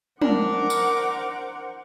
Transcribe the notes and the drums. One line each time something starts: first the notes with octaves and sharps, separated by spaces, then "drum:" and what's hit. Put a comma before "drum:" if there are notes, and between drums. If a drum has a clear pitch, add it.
D4 A#4 C5 F#5 D6, drum: tom
drum: tambourine